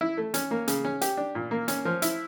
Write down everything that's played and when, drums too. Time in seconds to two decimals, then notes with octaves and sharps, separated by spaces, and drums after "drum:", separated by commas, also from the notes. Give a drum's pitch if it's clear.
0.01 E4
0.17 A3
0.34 C#4, drum: hi-hat
0.51 A#3
0.68 C#3, drum: hi-hat
0.85 C#4
1.01 G4, drum: hi-hat
1.17 D4
1.35 A#2
1.51 A#3
1.68 C#4, drum: hi-hat
1.85 F3
2.02 E4, drum: hi-hat